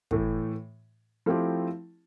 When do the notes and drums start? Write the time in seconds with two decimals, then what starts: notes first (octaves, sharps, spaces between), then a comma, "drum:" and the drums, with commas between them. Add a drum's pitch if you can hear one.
0.11 A2 E3 A3, drum: kick
1.26 F3 A3 C4 E4 G4